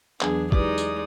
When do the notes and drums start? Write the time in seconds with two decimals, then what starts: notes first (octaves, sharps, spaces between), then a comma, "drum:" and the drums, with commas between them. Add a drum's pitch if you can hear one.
0.21 E2 E3 F#3 B3 D4 G#4, drum: clap
0.52 G#3 D#4 E4 G4 B4 D5 D#6, drum: kick
0.78 drum: tambourine